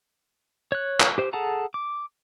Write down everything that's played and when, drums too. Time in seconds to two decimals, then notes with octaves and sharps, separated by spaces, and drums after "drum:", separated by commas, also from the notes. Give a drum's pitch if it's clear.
0.72 C#5 F#6
1.00 drum: clap
1.18 G4 C5
1.33 G#4 A4 F#5 A5 A#5
1.74 D6